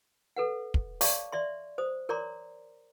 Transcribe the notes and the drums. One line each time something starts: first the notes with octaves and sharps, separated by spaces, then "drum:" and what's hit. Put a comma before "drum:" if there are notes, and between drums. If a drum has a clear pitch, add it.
A4 B4 F#5
drum: kick
C#5 D5 F5 A5 C#6 D6, drum: open hi-hat
D5 E5 C6
C5 D#6
A#4 C#5 D5 A#5 C6 D6